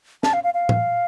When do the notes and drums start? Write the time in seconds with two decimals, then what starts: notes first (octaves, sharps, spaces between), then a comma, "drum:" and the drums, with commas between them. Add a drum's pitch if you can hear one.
0.23 A5, drum: snare
0.33 F5
0.44 F5
0.54 F5
0.69 drum: tom A2